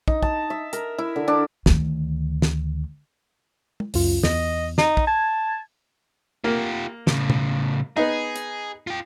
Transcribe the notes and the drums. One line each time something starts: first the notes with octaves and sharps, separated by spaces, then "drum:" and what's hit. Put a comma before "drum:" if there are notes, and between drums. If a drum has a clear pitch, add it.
D#4, drum: kick
A5, drum: kick
E5
A#4, drum: hi-hat
E4
D3
D4
D2 D#3, drum: snare
drum: snare
drum: tom
C#2 F#2 F4, drum: open hi-hat
E2 D#5, drum: snare
D#4, drum: snare
drum: kick
A5 G#6
A#3 F4 G4
A2 C#3, drum: snare
drum: tom
B3 D#4 G#4
drum: hi-hat
F4 G5